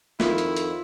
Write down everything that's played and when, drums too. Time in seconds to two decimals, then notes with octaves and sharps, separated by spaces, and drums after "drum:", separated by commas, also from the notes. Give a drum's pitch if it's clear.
0.20 F2 D#3 E4 F4, drum: snare
0.38 drum: hi-hat
0.56 drum: hi-hat